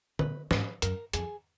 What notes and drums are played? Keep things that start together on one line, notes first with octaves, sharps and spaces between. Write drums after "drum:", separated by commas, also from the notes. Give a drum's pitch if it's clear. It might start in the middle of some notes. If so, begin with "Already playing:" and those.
A#2 B4, drum: tom
G#2 B4, drum: snare
F#2 A#4, drum: hi-hat
F2 G#4, drum: hi-hat